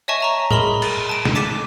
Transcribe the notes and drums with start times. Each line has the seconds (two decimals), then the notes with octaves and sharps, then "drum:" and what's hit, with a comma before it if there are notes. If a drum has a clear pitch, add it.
0.08 C#5 D#5 E5 G#5 A5 C#6
0.20 E5 A#5 C#6
0.51 G#4 A#4 D#5 B5 C6 F7, drum: tom A2
0.82 A6, drum: cymbal
1.09 A5 D7
1.25 drum: snare
1.35 D6 A6 B6 D#7 E7